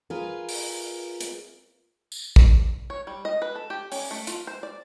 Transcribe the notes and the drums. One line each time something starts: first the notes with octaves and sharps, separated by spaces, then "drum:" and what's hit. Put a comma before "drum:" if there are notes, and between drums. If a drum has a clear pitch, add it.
F4 G#4 A#4 B4
drum: open hi-hat
drum: hi-hat
drum: tambourine
drum: kick A1
C#5
G3
D#5
B4
A4
G4
C#4, drum: open hi-hat
A3
F4, drum: hi-hat
C5
D5